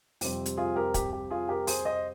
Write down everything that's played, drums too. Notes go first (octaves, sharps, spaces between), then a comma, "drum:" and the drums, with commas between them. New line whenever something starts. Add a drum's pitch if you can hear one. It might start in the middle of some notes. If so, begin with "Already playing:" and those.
F2 C3 G3 C4 G4, drum: open hi-hat
drum: hi-hat
F4 G#4
G4 A#4
G4, drum: kick, hi-hat
G4
F4 G#4
G4 A#4
G#4 C5, drum: open hi-hat
C5 D#5